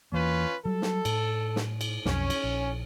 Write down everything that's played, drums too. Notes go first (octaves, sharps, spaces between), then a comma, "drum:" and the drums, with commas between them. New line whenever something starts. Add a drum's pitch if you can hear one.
E2 E3 A#3 C#4 F4 B4
F#3 G3 A4
drum: snare
A2, drum: cymbal
drum: snare
drum: cymbal
B1 F2 C#4, drum: snare
drum: cymbal
A#1